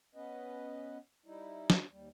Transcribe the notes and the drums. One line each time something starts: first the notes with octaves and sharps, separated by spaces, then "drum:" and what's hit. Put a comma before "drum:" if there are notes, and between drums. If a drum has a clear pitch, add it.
B3 C#4 B4 D#5
G3 D#4 E4
drum: snare
D#2 G3